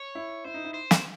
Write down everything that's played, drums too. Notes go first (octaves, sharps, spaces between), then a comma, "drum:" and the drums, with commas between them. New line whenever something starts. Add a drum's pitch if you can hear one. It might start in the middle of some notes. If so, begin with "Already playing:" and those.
Already playing: C#5
E4
E4 C5
D#4
E4
C5
drum: snare